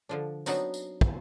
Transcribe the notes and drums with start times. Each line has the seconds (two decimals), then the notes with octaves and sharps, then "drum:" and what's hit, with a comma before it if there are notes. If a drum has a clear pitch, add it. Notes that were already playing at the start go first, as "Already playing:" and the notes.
0.09 D3 F3 D4
0.46 F#3 B3 C4 D4 D#4 F#4, drum: tambourine
0.74 drum: tambourine
1.01 drum: kick